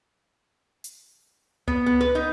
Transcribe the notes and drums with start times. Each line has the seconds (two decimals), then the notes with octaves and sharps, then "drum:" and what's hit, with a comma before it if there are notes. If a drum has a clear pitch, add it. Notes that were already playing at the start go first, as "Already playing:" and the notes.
0.84 drum: hi-hat
1.68 B3, drum: tom C#2
1.86 B3
2.01 B4
2.15 D#4